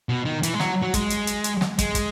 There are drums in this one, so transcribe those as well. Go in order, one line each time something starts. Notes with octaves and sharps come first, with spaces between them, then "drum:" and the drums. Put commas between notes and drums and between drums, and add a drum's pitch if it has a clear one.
B2
D#3
E3, drum: hi-hat
G#3
F#3, drum: snare
F#3
G#3, drum: kick, hi-hat
drum: hi-hat
drum: hi-hat
drum: hi-hat
drum: snare
G#3, drum: kick, hi-hat
drum: kick, hi-hat